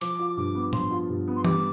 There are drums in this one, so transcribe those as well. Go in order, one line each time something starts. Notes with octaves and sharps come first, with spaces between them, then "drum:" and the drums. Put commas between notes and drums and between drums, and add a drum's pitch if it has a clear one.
F3 D6, drum: hi-hat
F4
G2 D6
B3
F3 C6, drum: tom A2
F4
G2
B3
C6
G3 D6, drum: tom E3